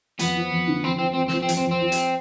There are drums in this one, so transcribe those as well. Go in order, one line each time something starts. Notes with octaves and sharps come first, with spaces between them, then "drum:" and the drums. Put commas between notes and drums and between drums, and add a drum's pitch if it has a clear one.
F2 B3, drum: hi-hat
F3
F2
D3
F2 C4
F3 C4
C4
F2
C4, drum: snare
F3
C4
F2, drum: hi-hat
C4
F2
C4
F3
drum: hi-hat